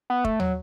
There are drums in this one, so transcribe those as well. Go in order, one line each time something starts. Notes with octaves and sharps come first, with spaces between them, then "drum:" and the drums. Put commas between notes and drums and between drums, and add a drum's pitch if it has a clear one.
B3
A3, drum: kick
F#3, drum: tom